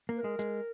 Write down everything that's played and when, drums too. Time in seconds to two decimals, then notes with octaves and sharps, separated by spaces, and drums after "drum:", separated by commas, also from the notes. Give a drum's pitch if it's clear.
0.09 A#3
0.16 B4
0.20 G#3 A#4
0.39 G#3, drum: hi-hat